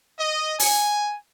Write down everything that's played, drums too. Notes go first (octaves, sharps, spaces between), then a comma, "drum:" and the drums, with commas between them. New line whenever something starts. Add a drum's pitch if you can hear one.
D#5
G#5, drum: open hi-hat